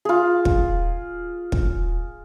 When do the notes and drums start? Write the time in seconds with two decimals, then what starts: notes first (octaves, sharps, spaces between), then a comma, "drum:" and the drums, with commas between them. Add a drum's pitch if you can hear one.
0.05 F4 G#4
0.45 drum: kick
1.52 drum: kick